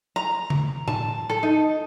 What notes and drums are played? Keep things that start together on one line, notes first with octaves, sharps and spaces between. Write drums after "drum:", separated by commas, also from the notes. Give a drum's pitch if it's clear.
A#5
drum: tom C#3
A5, drum: tom A2
A4
D#4